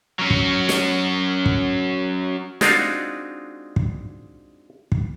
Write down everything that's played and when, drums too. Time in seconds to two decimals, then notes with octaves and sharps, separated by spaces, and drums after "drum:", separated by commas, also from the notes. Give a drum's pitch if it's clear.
0.19 F#3 C#4
0.30 drum: kick
0.69 drum: snare
1.46 drum: kick
2.61 G#3 C4 D4 D#4 F4 F#4, drum: snare
3.76 drum: kick
4.92 drum: kick